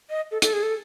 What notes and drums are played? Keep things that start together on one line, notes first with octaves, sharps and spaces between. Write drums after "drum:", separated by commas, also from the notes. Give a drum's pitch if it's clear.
D#5
A4
A4, drum: hi-hat
G#4
A4